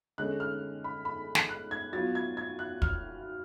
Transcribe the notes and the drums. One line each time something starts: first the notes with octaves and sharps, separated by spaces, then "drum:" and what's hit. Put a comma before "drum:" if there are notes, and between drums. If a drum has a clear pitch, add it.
D3 G#3 C#4 F#6
F6
B5
B5
drum: snare
F#6
G#6
F#3 B3 F4 A6
G#6
G#6
F#6
F6, drum: kick